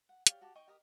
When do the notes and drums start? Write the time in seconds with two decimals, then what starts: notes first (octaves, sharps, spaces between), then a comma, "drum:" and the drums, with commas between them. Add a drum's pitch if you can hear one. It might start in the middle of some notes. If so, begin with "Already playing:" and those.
0.09 F#5
0.27 G4 C#5 D5 F5, drum: hi-hat
0.41 F#4 G4 A5 D6
0.55 D#4 D#5 G5 C#6
0.68 G4 A#4 D#5 D#6